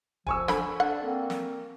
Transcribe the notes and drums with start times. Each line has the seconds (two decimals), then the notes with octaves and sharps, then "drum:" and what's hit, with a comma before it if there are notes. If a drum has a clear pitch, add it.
0.27 F3 G#5 C#6 E6, drum: kick
0.48 D3 B5, drum: snare
0.80 D4 A4 F#5
1.02 A#3 C4
1.30 drum: snare